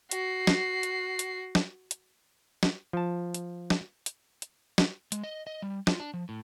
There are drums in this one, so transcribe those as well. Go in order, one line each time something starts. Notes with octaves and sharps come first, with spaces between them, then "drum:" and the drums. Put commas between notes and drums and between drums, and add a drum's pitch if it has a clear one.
F#4 C7, drum: hi-hat
drum: snare
drum: hi-hat
drum: hi-hat
drum: snare
drum: hi-hat
drum: snare
F3 A5
drum: hi-hat
drum: snare
drum: hi-hat
drum: hi-hat
drum: snare
G#3, drum: hi-hat
D#5
D#5
G3
F4, drum: snare
D4
F3
A2